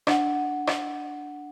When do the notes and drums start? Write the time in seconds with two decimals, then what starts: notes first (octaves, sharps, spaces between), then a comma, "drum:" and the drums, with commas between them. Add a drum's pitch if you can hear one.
0.07 D4 F#5, drum: rim click
0.67 drum: rim click